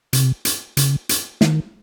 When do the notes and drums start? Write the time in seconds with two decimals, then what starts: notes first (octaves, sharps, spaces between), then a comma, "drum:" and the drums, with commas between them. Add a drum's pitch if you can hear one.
0.13 C3, drum: hi-hat
0.45 drum: hi-hat
0.77 C#3, drum: hi-hat
1.09 drum: hi-hat
1.41 D#3, drum: snare